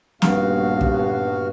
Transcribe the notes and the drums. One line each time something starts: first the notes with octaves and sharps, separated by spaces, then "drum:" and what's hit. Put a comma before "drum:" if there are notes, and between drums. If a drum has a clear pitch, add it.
D#1 G2 A#2 D3 B3 F#4 F5, drum: snare
drum: kick